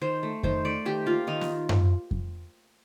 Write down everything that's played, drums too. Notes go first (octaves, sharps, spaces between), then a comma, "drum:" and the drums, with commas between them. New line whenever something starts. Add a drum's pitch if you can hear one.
D#3 C5
A3
D#3 C5, drum: kick F2
A3 D5
D#3 G4
A#3 F4
D#3 D#4
drum: snare
drum: tom F#2
drum: kick F2